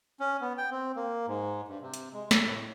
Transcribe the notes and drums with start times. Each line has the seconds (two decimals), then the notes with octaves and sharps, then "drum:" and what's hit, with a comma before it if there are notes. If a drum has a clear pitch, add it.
0.20 C#4
0.41 B3
0.58 G5
0.71 C4
0.96 A#3
1.27 G#2
1.68 G2
1.82 C3
1.94 drum: hi-hat
2.14 G#3
2.31 C3, drum: snare
2.44 A2